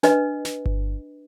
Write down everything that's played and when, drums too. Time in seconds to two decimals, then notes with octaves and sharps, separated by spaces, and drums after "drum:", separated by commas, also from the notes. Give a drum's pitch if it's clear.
0.03 D4 B4 D#5, drum: snare
0.45 drum: snare
0.66 drum: kick G1